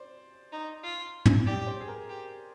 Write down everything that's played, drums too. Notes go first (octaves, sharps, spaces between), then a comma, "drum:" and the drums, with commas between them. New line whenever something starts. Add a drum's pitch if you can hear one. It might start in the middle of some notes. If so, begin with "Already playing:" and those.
Already playing: C5 D5
D#4
F4
drum: tom
G4 D5
C5
G#4
A#4
G4